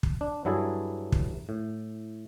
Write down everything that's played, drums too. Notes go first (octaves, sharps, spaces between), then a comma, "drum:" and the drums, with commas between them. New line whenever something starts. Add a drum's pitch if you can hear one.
drum: kick
D4
G2 F#3 E4 G#4 A4
drum: kick
A2